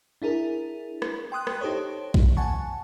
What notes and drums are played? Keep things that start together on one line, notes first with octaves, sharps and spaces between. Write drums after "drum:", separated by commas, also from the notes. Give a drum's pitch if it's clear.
D4 E4 G#4 A#4
drum: rim click
G5 C6 D#6 F#6
drum: rim click
D#4 G4 A4 C5 C#5
drum: kick A#1
F#5 G#5 A5 C#6